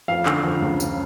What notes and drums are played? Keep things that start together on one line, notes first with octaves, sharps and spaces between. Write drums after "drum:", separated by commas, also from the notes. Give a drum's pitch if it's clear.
F2 F5
D3, drum: clap
F2
C#2
C#3, drum: tambourine